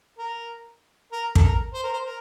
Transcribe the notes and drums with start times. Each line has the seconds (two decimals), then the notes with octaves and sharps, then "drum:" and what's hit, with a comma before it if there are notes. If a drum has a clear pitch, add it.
0.18 A#4
1.12 A#4
1.35 A4, drum: kick
1.43 A#4
1.74 C5
1.83 A#4
1.93 C5
2.05 A#4